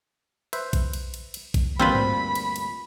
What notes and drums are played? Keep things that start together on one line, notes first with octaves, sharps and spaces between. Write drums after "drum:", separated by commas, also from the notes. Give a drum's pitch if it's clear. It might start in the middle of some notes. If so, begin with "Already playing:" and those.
B4 C5 E5, drum: cymbal
drum: kick A#1, cymbal
drum: cymbal
drum: cymbal
drum: cymbal
drum: kick A#1, cymbal
D2 G2 A#2 C4 F4 B4 B5
drum: tom G2
drum: cymbal
drum: cymbal